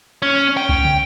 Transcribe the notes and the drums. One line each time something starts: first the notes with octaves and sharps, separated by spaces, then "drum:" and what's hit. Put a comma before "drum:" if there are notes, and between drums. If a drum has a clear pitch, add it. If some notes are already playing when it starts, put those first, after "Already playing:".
C#4
G5
drum: kick C2
drum: tom